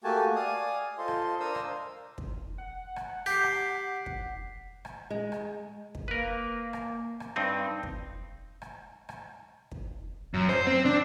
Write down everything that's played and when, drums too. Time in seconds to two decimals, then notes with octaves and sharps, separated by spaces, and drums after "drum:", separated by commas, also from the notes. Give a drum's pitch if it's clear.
0.04 A3 A#3 F#4 G4 G#5 A5
0.36 D5 F5 G#5 D#6
0.98 F4 A4 C5 D#5 C6
1.08 drum: rim click
1.40 D4 A#4 C5 F5 D#6 E6
1.55 drum: rim click
2.18 drum: kick
2.58 F#5
2.96 drum: rim click
3.26 G4 G6 B6 C7
3.43 drum: rim click
4.06 drum: kick
4.85 drum: rim click
5.10 G#3
5.32 drum: rim click
5.95 drum: kick
6.08 A#3 A#4 B4
6.73 drum: rim click
7.20 drum: rim click
7.36 G2 C4 D#4
7.83 drum: kick
8.62 drum: rim click
9.09 drum: rim click
9.71 drum: kick
10.34 F#2
10.49 C5, drum: rim click
10.67 C4
10.85 D4